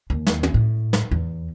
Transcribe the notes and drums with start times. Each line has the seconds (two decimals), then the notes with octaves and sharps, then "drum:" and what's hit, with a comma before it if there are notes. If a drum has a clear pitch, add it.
0.10 D#2
0.27 drum: snare
0.43 drum: tom
0.54 A2
0.93 drum: snare
1.11 E2